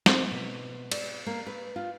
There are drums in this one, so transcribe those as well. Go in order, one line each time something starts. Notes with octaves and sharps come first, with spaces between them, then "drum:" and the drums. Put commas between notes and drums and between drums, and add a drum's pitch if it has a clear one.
C4, drum: snare
B2
D5, drum: cymbal
A#3
B4
F4